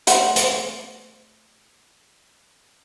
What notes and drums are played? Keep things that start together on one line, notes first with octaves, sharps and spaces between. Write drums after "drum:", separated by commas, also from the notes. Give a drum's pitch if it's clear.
A3 C5 F#5, drum: hi-hat
drum: hi-hat